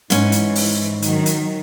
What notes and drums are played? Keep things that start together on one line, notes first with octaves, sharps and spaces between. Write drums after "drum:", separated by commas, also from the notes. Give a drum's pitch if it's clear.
G#2 E3 C#4, drum: hi-hat
drum: hi-hat
drum: open hi-hat
D#3 F#3, drum: hi-hat
drum: hi-hat